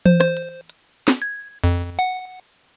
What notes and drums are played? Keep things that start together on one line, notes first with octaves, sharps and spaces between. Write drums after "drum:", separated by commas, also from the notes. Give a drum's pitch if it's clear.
C5, drum: tom E3
C5, drum: rim click
drum: hi-hat
drum: hi-hat
drum: snare
G#6
F2
F#5